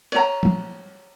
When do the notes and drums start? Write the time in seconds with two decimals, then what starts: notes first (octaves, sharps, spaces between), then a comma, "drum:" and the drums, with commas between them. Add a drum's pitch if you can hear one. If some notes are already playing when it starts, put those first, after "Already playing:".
0.12 C#5 A#5, drum: cymbal
0.43 drum: tom